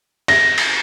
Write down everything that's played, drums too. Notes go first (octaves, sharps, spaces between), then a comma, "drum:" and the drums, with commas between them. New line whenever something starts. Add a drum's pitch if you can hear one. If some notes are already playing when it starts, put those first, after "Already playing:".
A#6, drum: cymbal
drum: cymbal